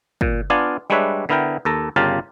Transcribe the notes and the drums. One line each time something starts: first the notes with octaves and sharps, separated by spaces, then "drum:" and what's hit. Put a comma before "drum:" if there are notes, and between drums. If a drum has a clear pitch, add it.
A#2, drum: kick
B3 D4 F4 D5 F5 G#5
G3 G#3 D4 B4 C#5 E5
D3 B3 E4 A#4 G5
D#2 A4 A#5
G1 C#3 F4 G4 A#4 A5